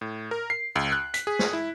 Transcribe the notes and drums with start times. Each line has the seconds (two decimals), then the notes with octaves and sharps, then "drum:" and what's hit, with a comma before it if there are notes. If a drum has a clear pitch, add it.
0.01 A2
0.31 A#4
0.50 C7
0.76 C#2
0.92 F#6
1.14 B6, drum: hi-hat
1.27 G#4
1.39 drum: snare
1.53 E4